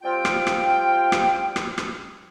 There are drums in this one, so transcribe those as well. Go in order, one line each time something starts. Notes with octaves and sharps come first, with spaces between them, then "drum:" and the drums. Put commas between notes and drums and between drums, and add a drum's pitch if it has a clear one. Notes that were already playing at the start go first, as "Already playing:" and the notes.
G3 C4 F4 F5 G5
drum: rim click
drum: rim click
drum: rim click
drum: rim click
drum: rim click